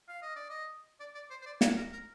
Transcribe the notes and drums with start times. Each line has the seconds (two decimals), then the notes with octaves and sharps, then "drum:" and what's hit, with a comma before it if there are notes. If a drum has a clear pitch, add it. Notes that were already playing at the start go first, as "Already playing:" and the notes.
0.08 F5
0.22 D#5
0.36 D5
0.50 D#5
1.00 D5
1.15 D5
1.30 C5
1.42 C5
1.46 D5
1.61 G#5, drum: snare
1.77 A#4
1.92 A#4